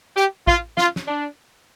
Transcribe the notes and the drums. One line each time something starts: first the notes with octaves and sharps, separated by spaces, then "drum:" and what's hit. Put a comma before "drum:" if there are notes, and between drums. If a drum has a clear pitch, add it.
G4
F4, drum: kick
F4, drum: snare
drum: snare
D4